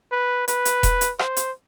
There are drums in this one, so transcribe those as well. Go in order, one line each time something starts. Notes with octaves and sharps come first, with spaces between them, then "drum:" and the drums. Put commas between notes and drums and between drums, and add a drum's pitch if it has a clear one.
B4
B4, drum: hi-hat
drum: hi-hat
drum: kick E1, hi-hat
drum: hi-hat
C5, drum: rim click
drum: hi-hat